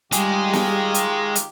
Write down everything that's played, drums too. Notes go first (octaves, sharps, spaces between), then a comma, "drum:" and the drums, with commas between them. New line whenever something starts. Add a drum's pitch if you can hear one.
D#3 G3 G#3 F4 G4 G#4, drum: hi-hat
drum: snare
drum: hi-hat
drum: hi-hat